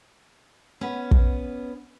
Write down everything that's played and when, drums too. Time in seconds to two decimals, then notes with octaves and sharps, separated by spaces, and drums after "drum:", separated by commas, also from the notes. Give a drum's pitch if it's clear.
0.81 B3 C#4
1.11 drum: kick